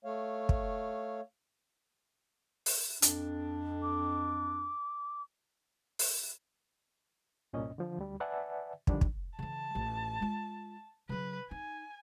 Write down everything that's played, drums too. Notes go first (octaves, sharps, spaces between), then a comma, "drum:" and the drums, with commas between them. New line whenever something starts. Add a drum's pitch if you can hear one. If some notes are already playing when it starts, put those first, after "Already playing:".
A3 C#5 F5
drum: kick
drum: open hi-hat
F2 D4, drum: hi-hat
D6
drum: open hi-hat
C2 G2 A#2 C#4 D#5
D3 F3
D2 G3
B4 D5 E5 F#5 G#5 A5
D3 D#3 F3 G3 D4, drum: kick
drum: kick
C#3 E3 A5
A1 F4
G#3 F4
C#3 F#3 B4
D#4 G#5